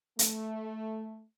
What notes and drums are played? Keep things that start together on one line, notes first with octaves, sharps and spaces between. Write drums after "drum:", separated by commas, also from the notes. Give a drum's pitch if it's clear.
A3, drum: hi-hat